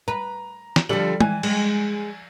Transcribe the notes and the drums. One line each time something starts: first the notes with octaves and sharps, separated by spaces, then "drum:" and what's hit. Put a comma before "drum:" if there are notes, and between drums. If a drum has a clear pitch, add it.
B4 A#5
drum: snare
D3 F3 G3 A4 F#7
E3 G#5, drum: tom G#3
G#3, drum: cymbal